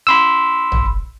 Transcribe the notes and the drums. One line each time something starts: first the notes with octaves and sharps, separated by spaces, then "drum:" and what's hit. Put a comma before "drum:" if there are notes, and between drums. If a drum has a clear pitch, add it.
B5 C6 E6
drum: tom